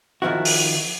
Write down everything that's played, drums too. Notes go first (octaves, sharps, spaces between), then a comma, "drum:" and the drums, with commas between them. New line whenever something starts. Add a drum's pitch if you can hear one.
D#3 F3 E4 F#4
drum: open hi-hat